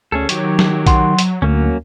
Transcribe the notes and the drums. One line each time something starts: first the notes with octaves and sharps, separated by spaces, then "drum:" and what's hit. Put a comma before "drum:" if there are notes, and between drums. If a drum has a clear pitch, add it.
D2 C#4 G#4 A4
D#3 F#3 G4 C#5, drum: hi-hat
drum: snare
F#5 C6, drum: kick A#1, hi-hat
drum: hi-hat
D2 F#3 A#3 C#4